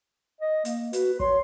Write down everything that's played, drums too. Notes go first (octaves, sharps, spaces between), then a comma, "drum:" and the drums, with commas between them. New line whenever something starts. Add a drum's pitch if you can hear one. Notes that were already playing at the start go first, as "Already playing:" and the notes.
D#5
A#3, drum: hi-hat
F#4 B4, drum: hi-hat
C#5 C6, drum: kick